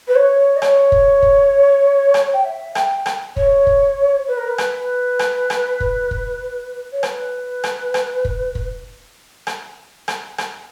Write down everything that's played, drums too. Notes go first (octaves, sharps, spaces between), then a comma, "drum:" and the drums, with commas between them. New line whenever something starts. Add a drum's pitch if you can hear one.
B4
C#5
D#5
C#5, drum: rim click
drum: kick
drum: kick
drum: rim click
G5
E5
G5, drum: rim click
drum: rim click
C#5, drum: kick
drum: kick
B4
A#4
B4
drum: rim click
drum: rim click
drum: rim click
drum: kick
drum: kick
C#5
B4, drum: rim click
drum: rim click
drum: rim click
drum: kick
drum: kick
drum: rim click
drum: rim click
drum: rim click